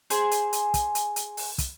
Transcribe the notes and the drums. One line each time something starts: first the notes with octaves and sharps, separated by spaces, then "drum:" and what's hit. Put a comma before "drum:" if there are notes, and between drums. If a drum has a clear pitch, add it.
G#4 C5 G#5, drum: hi-hat
drum: hi-hat
drum: hi-hat
drum: kick, hi-hat
drum: hi-hat
drum: hi-hat
drum: open hi-hat
drum: kick, hi-hat